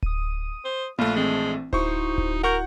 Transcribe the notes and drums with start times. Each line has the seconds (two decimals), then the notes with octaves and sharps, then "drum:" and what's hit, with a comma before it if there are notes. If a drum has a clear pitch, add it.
0.02 D#6 D#7, drum: kick D1
0.65 C5
0.99 A#1 A3 F4 B5 F#6, drum: tom A#3
1.16 E3 G#3 C4
1.73 D#4 E4 F#4 C5 C#6, drum: kick D1
2.18 drum: kick D1
2.43 A#4 F#5 C#6 G6